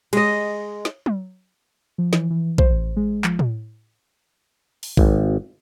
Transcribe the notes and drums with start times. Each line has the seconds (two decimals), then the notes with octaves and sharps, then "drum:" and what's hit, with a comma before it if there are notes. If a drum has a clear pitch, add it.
0.13 G#3 D#5, drum: cymbal
0.85 drum: snare
1.06 drum: tom F#3
1.98 F3
2.13 E3, drum: snare
2.30 E3
2.58 C5, drum: kick A#1
2.70 A1
2.97 G#3
3.24 F3, drum: clap
3.39 drum: tom A2
4.83 drum: open hi-hat
4.97 G#1, drum: kick A#1